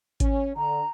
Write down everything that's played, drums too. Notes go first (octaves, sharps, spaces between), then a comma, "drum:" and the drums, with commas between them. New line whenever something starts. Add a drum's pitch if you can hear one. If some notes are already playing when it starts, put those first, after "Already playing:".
C#4, drum: kick G#1, hi-hat
D3 A#5